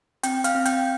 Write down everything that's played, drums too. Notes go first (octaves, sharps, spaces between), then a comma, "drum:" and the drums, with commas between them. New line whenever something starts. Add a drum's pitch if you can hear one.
C4 G5 G6, drum: hi-hat
F5 F6, drum: hi-hat
C4
G5 G6, drum: hi-hat